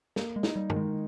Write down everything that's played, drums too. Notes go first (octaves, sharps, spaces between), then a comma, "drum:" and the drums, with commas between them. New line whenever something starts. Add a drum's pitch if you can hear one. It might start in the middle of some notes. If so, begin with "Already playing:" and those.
A#3, drum: snare
G#3
D#4, drum: snare
G3
D#3, drum: tom
G#3